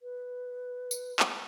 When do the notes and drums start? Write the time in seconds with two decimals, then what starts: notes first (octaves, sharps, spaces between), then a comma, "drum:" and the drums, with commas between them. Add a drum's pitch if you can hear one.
0.02 B4
0.91 drum: tambourine
1.20 drum: clap